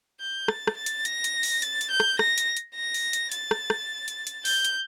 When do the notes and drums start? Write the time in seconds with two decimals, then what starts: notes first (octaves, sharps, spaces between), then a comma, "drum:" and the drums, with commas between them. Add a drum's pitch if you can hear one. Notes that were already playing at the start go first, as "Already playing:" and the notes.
0.20 G6
0.48 A6, drum: rim click
0.67 drum: rim click
0.77 A6
0.86 drum: hi-hat
1.05 A#6, drum: hi-hat
1.24 drum: hi-hat
1.43 drum: open hi-hat
1.62 A6, drum: hi-hat
1.81 drum: hi-hat
1.91 G6
2.00 drum: rim click
2.19 A#6, drum: rim click
2.38 drum: hi-hat
2.57 drum: hi-hat
2.75 A#6
2.94 drum: open hi-hat
3.13 drum: hi-hat
3.32 A6, drum: hi-hat
3.51 drum: rim click
3.70 drum: rim click
4.08 drum: hi-hat
4.27 drum: hi-hat
4.45 G6, drum: open hi-hat
4.65 drum: hi-hat